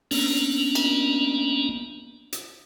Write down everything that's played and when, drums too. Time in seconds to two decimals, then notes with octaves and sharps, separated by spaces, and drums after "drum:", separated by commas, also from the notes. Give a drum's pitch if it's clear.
0.11 A#3 B3 C#4 D4, drum: open hi-hat
0.75 drum: cymbal
2.32 drum: hi-hat